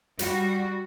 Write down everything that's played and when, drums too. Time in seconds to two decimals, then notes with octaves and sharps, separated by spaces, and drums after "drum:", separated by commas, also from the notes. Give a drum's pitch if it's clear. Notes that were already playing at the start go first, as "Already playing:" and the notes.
0.19 G3 F#4, drum: hi-hat